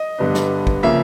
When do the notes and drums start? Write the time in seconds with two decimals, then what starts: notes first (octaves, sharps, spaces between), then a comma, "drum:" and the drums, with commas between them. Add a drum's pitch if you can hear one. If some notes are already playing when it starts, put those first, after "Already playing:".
Already playing: D#5
0.18 G2 D3 G3 B3 D4
0.34 drum: snare
0.67 drum: kick
0.83 C#3 F3 A#3 E5